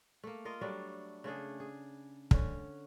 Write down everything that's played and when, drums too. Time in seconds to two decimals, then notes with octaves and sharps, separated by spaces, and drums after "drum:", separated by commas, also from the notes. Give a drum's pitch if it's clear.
0.23 A3 A#3
0.45 F4 A#4 D#5
0.61 F#3 G3 A3 D4
1.24 C#3 A3 D4 G#4
1.60 G#4
2.31 D3 C#4, drum: kick